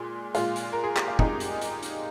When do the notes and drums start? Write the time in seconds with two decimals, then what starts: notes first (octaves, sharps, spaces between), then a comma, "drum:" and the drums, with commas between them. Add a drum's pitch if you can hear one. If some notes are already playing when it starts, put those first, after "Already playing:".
Already playing: A#2 G#3
0.35 A#2 G#3 F4, drum: hi-hat
0.56 drum: hi-hat
0.73 A#4
0.84 G#4
0.96 G4, drum: clap
1.08 F4
1.19 A#2 G#3 D#4, drum: kick
1.40 drum: hi-hat
1.61 drum: hi-hat
1.82 drum: hi-hat